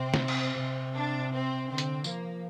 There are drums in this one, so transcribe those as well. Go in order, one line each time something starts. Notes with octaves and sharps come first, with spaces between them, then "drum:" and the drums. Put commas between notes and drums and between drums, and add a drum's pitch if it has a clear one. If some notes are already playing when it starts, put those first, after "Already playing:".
Already playing: C3 C4
drum: snare
drum: cymbal
C3
D4
C4
D3 C4
drum: hi-hat
F3 A#3, drum: tambourine